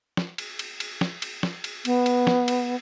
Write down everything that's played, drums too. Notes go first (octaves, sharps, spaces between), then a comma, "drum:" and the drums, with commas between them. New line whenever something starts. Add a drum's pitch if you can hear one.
drum: snare
drum: cymbal
drum: cymbal
drum: cymbal
drum: snare
drum: cymbal
drum: snare
drum: cymbal
B3, drum: cymbal
drum: cymbal
drum: snare
drum: cymbal